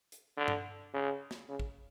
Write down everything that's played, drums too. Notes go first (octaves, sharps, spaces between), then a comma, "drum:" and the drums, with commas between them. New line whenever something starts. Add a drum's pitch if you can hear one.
drum: hi-hat
D3
drum: tom G2
C#3
drum: snare
C#3
drum: kick